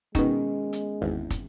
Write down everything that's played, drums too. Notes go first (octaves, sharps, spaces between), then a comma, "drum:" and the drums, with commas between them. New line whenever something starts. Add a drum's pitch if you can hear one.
B2 D#3 G#3 C#4, drum: kick, hi-hat
drum: hi-hat
G#1 E2
drum: kick, hi-hat